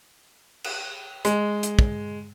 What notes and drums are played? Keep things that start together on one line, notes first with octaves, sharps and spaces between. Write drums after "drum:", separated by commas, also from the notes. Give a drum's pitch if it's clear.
drum: cymbal
G#3, drum: hi-hat
drum: hi-hat
drum: kick